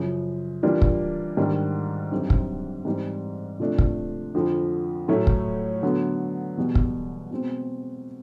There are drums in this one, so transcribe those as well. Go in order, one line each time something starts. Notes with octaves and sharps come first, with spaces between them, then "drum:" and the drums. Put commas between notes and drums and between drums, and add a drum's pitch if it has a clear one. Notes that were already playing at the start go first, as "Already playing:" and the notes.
Already playing: F#2 C#3 F3
E3 G3 A#3 D4 F4
drum: kick
G#2 D#3 G3 A#3 D4
F#2 D3 G3 C4 D#4
drum: kick
G#2 E3 G3 C4 D#4
C3 F3 A3 D4
drum: kick
F2 D3 F3
A2 F#3 A3 C#4 E4
drum: kick
D3 F#3 B3
E2 B2 G3
drum: kick
B2 G#3 C4